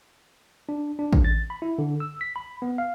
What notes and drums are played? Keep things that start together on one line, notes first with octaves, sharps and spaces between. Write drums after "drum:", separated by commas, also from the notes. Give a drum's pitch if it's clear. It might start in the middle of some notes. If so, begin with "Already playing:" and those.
D4
D4
drum: kick A1
A6
B5
E4
D3
E6
B6
B5
B3
F5